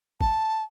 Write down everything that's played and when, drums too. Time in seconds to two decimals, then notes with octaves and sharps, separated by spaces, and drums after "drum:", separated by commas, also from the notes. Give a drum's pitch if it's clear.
0.21 A5, drum: kick